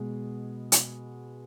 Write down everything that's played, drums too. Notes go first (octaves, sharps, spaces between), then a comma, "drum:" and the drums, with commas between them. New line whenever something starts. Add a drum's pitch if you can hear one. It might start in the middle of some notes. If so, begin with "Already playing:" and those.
Already playing: B2 G#3 B3 G#4
drum: hi-hat